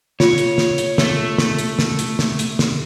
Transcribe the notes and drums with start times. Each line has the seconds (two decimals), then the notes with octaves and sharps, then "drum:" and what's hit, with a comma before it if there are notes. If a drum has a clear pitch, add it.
0.20 F4 C#5, drum: snare
0.38 drum: hi-hat
0.58 drum: snare
0.78 drum: hi-hat
0.98 A3, drum: snare
1.38 drum: snare
1.59 drum: hi-hat
1.79 drum: snare
1.99 drum: hi-hat
2.19 drum: snare
2.39 drum: hi-hat
2.59 drum: snare